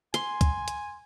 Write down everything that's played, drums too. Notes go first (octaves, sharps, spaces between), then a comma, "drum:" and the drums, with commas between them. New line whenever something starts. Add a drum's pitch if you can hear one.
G#5 C6, drum: hi-hat
drum: kick, hi-hat
drum: hi-hat